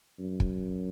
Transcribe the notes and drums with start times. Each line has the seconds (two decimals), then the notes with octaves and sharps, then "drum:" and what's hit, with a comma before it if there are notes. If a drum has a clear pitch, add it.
0.20 F#2
0.40 drum: kick